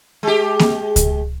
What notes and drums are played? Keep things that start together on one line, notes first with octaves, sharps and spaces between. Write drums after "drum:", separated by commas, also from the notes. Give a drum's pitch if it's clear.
G#3 G4
drum: snare A#3
drum: kick C#2, hi-hat